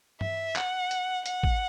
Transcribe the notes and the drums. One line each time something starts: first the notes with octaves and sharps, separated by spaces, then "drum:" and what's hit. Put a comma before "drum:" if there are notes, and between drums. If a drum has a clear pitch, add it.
E5, drum: tom G2
F#5, drum: clap
drum: hi-hat
F#5, drum: hi-hat
drum: kick